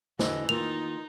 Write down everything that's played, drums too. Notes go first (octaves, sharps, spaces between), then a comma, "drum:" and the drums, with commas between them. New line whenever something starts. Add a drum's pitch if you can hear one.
D3 E3 F#4 D#5, drum: snare
D#3 A#3 D#4 F4 F7